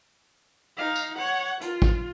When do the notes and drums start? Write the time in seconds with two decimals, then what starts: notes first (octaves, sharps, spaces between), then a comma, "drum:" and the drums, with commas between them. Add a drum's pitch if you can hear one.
0.77 D#4 F5
0.96 drum: tambourine
1.17 C#5 F#5
1.61 F4, drum: hi-hat
1.82 drum: kick